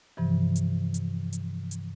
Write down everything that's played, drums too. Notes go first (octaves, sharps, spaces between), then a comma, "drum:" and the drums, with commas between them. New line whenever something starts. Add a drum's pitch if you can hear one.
G2 C3 E3 F3
drum: hi-hat
drum: hi-hat
drum: hi-hat
drum: hi-hat